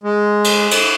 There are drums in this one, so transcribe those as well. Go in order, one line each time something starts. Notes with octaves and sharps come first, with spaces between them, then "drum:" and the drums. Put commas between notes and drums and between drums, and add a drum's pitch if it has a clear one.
G#3
drum: cymbal
drum: cymbal